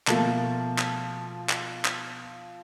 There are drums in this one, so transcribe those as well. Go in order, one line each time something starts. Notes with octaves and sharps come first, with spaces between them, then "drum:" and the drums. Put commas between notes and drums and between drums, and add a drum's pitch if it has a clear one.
B2 F3 A3 A#3 A5, drum: clap
drum: clap
drum: clap
drum: clap